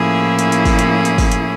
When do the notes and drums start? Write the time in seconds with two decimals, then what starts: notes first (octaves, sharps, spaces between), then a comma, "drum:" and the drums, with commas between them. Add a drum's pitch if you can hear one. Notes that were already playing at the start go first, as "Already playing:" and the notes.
Already playing: A2 F3 A#3 C#4 E4 G#4
0.39 G#4, drum: hi-hat
0.52 drum: hi-hat
0.65 drum: kick, open hi-hat
0.79 drum: hi-hat
1.05 drum: hi-hat
1.18 drum: kick, open hi-hat
1.32 drum: hi-hat